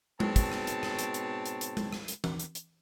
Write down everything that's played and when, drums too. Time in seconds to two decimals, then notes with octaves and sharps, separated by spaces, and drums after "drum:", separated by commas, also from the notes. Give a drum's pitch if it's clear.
0.20 G#2 B2 C4 C#5 A5, drum: tom G#3
0.36 drum: kick, hi-hat
0.52 drum: rim click
0.67 drum: hi-hat
0.83 drum: rim click
0.99 drum: hi-hat
1.14 drum: hi-hat
1.46 drum: hi-hat
1.61 drum: hi-hat
1.77 drum: tom G#3
1.93 drum: rim click
2.08 drum: hi-hat
2.24 drum: tom E3
2.39 drum: hi-hat
2.55 drum: hi-hat